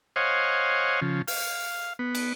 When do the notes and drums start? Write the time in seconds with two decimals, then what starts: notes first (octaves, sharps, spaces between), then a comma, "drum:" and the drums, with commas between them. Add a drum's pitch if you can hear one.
0.16 C5 C#5 D#5 F5 F#5 G#5
1.02 C#3 F3
1.28 F5, drum: open hi-hat
1.99 B3
2.15 drum: cymbal